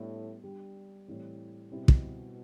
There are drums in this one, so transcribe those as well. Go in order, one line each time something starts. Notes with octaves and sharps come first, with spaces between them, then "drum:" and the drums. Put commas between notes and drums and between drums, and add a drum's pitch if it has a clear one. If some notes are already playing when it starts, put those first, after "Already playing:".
Already playing: A2 G3 B3 D4
G3 D4 G4
A2 E3 G3 C4
B2 G3 C4 E4 G4
drum: kick